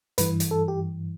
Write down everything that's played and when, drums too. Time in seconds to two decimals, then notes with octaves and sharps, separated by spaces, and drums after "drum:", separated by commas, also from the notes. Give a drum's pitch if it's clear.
0.18 G2 E3 B4, drum: hi-hat
0.40 drum: hi-hat
0.51 A4
0.68 G4